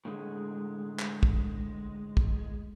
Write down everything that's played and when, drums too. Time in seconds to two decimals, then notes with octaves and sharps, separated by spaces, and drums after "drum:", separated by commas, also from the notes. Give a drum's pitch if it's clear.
0.05 A2 D3 G#3
0.99 drum: clap
1.23 drum: kick
2.17 drum: kick